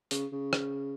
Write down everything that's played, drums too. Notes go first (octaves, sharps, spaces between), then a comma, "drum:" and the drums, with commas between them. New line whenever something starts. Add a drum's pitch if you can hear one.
C#3, drum: hi-hat
C#3
drum: rim click